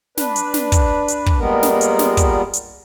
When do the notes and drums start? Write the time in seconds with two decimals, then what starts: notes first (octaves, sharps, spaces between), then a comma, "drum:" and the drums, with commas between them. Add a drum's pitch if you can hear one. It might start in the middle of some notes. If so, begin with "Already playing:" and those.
0.17 D4 B4, drum: snare
0.36 drum: hi-hat
0.54 drum: snare
0.72 drum: kick, hi-hat
1.08 drum: hi-hat
1.26 drum: kick
1.39 A#2 G3 G#3 B3 A#4
1.63 drum: snare
1.81 drum: hi-hat
1.99 drum: snare
2.17 drum: kick, hi-hat
2.53 drum: hi-hat